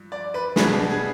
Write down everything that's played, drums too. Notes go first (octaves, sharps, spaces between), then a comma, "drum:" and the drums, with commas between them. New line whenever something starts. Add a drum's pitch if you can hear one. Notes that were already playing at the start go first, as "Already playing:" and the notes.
Already playing: G2 F3
D5
B4
B2 G3 B3 D4 G#4, drum: snare
G#4